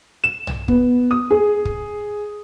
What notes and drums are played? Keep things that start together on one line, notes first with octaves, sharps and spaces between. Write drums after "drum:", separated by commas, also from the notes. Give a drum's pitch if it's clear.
E7
drum: tom B1
B3, drum: kick
D#6
G#4
drum: kick